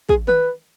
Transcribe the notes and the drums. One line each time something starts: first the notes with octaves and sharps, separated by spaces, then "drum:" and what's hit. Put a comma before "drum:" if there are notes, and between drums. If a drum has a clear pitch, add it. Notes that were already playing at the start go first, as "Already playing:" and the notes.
G#4, drum: kick
B4, drum: tom D#3